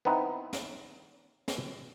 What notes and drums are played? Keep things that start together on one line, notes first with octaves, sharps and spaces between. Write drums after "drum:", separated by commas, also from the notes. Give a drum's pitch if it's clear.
B3 C4 D#4 E4
drum: snare
drum: snare